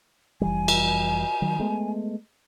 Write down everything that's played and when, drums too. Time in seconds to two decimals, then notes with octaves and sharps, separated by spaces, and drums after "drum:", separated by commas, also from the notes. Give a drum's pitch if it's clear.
0.41 F1 E3 G3 G#5
0.68 drum: cymbal
1.42 D#3 F#3
1.59 G#3 A3 B3